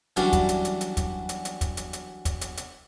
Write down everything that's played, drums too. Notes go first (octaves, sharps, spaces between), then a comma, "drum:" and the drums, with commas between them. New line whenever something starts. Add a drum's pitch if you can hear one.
E3 F#3 G3 C#4 D4, drum: hi-hat
drum: kick, hi-hat
drum: hi-hat
drum: hi-hat
drum: hi-hat
drum: kick, hi-hat
drum: hi-hat
drum: hi-hat
drum: kick, hi-hat
drum: hi-hat
drum: hi-hat
drum: kick, hi-hat
drum: hi-hat
drum: hi-hat